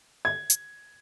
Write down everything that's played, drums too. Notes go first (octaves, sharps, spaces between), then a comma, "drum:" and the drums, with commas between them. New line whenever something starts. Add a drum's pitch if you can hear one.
G#6
drum: hi-hat